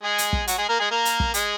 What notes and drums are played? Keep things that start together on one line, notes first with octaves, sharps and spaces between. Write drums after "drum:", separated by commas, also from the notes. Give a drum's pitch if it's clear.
G#3 G#4
drum: hi-hat
drum: kick
F#3 F#4, drum: hi-hat
G#3 G#4
A#3 A#4
G#3 G#4
A#3 A#4
drum: hi-hat
drum: kick
G#3 G#4, drum: hi-hat